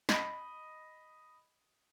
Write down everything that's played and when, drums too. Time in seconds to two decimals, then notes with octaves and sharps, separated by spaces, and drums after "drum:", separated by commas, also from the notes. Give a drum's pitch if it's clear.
0.09 D#5 B5, drum: snare